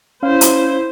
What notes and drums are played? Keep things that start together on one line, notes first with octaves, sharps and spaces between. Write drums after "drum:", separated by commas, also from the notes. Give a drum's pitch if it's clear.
C#4 E4 C5 F5
drum: hi-hat